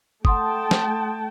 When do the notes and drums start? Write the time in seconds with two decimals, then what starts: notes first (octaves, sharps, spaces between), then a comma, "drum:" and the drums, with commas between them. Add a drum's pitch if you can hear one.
0.25 A3 F#5 G5 A5 C6 D#6, drum: kick
0.71 drum: snare